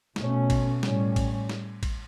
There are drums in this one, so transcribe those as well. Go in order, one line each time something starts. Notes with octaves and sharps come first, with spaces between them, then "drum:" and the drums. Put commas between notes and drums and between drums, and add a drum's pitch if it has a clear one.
B2 A3 C#4, drum: snare
drum: kick, cymbal
A2 G3 C#4, drum: snare
drum: kick, cymbal
drum: snare
drum: kick, cymbal